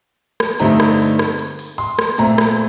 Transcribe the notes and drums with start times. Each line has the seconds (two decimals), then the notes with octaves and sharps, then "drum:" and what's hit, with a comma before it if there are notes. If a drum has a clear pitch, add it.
0.40 drum: rim click
0.60 G2 D3 A3 C4 D#4 A#5, drum: hi-hat
0.80 drum: rim click
1.00 drum: open hi-hat
1.19 drum: rim click
1.39 drum: hi-hat
1.59 drum: open hi-hat
1.78 C6, drum: open hi-hat
1.99 drum: rim click
2.18 A#2 A3 C4 A#5, drum: hi-hat
2.38 drum: rim click